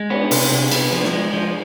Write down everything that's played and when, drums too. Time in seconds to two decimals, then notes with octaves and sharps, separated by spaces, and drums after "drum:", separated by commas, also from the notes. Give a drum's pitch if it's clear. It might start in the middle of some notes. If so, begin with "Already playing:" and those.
Already playing: G#3
0.10 B3, drum: cymbal
0.31 C3, drum: open hi-hat
0.51 C2
0.71 B3, drum: cymbal
0.92 F3
1.04 drum: snare
1.13 G#3
1.33 F3